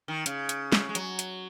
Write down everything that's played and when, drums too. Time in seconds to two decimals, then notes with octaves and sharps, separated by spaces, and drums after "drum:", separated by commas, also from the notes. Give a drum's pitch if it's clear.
0.08 D#3
0.26 C#3, drum: hi-hat
0.49 drum: hi-hat
0.72 drum: snare
0.89 G#3
0.95 F#3, drum: hi-hat
1.19 drum: hi-hat